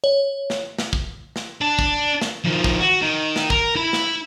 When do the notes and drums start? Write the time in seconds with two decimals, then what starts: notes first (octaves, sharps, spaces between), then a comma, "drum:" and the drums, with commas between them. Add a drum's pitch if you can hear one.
0.04 C#5
0.50 drum: snare
0.79 drum: snare
0.93 drum: kick
1.36 drum: snare
1.61 D4
1.79 drum: kick
2.21 drum: snare
2.44 D#3 F3
2.64 drum: kick
2.80 F#4
3.01 D#3
3.36 drum: snare
3.50 A#4, drum: kick
3.76 E4 B5
3.93 drum: snare